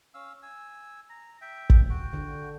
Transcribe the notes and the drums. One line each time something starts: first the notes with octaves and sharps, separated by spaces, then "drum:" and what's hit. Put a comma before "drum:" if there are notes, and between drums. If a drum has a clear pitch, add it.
C#4 F5 E6
G#5 E6
A#5
E5 G5
drum: kick
F#4 G5
D3